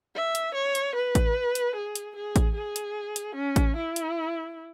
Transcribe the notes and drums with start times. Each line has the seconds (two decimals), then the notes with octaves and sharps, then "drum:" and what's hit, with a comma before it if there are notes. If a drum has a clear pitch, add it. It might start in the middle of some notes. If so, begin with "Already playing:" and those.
0.15 E5
0.35 drum: hi-hat
0.54 C#5
0.75 drum: hi-hat
0.95 B4
1.15 drum: kick A1, hi-hat
1.55 drum: hi-hat
1.75 G#4
1.95 drum: hi-hat
2.16 G#4
2.36 drum: kick A1, hi-hat
2.55 G#4
2.76 drum: hi-hat
3.16 drum: hi-hat
3.35 C#4
3.56 drum: kick A1, hi-hat
3.77 E4
3.96 drum: hi-hat